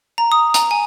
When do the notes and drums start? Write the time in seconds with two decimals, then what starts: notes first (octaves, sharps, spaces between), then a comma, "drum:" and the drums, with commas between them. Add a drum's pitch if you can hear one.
0.18 A#5
0.32 D#6
0.54 A#5, drum: hi-hat
0.71 G#5